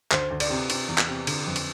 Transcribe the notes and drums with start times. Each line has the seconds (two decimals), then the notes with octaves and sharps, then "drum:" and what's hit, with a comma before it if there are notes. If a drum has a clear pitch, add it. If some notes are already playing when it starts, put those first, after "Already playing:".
0.11 D2 C5, drum: clap
0.31 D2
0.40 D5, drum: cymbal
0.49 C3
0.70 C3, drum: cymbal
0.88 E2
0.98 drum: clap
1.07 C3
1.27 D3, drum: cymbal
1.47 F2
1.56 drum: cymbal